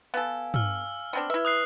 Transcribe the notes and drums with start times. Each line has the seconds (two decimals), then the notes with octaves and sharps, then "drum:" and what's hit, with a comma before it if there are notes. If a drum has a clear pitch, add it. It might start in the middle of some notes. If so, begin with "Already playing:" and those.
0.14 B3 A4 F5 G#5
0.54 E6 F6, drum: tom
1.13 B3 C4 D4
1.30 E4 B4 E5
1.45 D#6 F#6 C7